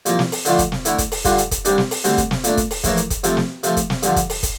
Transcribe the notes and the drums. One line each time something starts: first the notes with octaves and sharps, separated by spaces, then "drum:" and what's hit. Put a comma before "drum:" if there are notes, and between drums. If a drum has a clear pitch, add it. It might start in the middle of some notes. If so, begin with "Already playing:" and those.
C2 A#2 F3 A#3, drum: hi-hat
drum: snare
drum: open hi-hat
D3 F3 A3 D4 F4, drum: hi-hat
drum: kick, hi-hat
drum: snare
D3 A3 E4, drum: hi-hat
drum: kick, hi-hat
drum: open hi-hat
G2 D3 G3 D4 F4, drum: kick, hi-hat
drum: hi-hat
drum: kick, hi-hat
C2 C3 G3 D4, drum: hi-hat
drum: snare
drum: open hi-hat
D2 D3 G3 C4, drum: hi-hat
drum: kick, hi-hat
drum: snare
A#2 A3 D4, drum: hi-hat
drum: kick, hi-hat
drum: open hi-hat
A#1 A2 E3 A#3, drum: kick, hi-hat
drum: hi-hat
drum: kick, hi-hat
F2 C3 F3 A3, drum: hi-hat
drum: snare
C3 F3 A3, drum: hi-hat
drum: kick, hi-hat
drum: snare
G2 D3 F3, drum: hi-hat
drum: kick, hi-hat
drum: open hi-hat
drum: kick, hi-hat